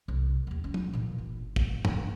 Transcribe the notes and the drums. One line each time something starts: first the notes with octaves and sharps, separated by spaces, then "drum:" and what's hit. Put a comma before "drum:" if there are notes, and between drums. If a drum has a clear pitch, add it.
C2
D#2 C#3
C#4
drum: tom
A#2 E3
G1
drum: kick
E2 G2, drum: tom